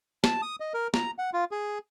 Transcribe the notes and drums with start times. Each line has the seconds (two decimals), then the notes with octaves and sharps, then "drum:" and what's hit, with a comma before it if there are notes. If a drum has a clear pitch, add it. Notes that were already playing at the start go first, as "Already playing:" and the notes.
0.24 A5, drum: snare
0.42 D#6
0.60 D#5
0.74 A#4
0.94 A#5, drum: snare
1.19 F#5
1.33 F4
1.51 G#4